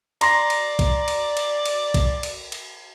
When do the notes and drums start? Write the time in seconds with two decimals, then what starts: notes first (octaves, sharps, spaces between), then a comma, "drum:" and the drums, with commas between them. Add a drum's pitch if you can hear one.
0.21 D5 A#5 C6 A#6, drum: cymbal
0.50 drum: cymbal
0.79 drum: kick, cymbal
1.08 drum: cymbal
1.37 drum: cymbal
1.66 drum: cymbal
1.94 drum: kick, cymbal
2.23 drum: cymbal
2.52 drum: cymbal